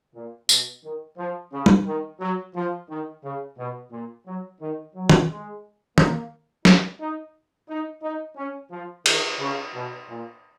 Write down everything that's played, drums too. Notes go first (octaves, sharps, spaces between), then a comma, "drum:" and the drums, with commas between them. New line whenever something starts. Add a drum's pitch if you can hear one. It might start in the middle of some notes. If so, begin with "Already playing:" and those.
A#2
B2, drum: tambourine
D#3
F3
C#3
drum: tom
D#3
F#3
F3
D#3
C#3
B2
A#2
F#3
D#3
F#3
drum: tom
G#3
A#3, drum: tom
D#4, drum: snare
D#4
D#4
D#4
C#4
F3
D#3, drum: cymbal
C#3
B2
A#2